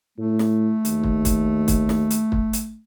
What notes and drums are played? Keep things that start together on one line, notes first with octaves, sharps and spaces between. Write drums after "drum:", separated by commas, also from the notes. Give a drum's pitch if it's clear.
A2 A3
drum: snare
D#2, drum: hi-hat
drum: kick
drum: kick, hi-hat
drum: kick, hi-hat
drum: snare
drum: hi-hat
drum: kick
drum: hi-hat